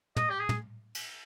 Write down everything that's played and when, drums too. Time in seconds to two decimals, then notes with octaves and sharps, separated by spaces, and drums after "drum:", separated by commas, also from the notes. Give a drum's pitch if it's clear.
0.16 D#5, drum: tom
0.30 G4
0.39 G#4
0.49 drum: tom
0.95 drum: cymbal